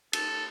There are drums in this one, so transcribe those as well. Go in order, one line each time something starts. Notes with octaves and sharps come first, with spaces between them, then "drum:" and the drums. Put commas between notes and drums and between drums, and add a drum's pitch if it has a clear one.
A4, drum: cymbal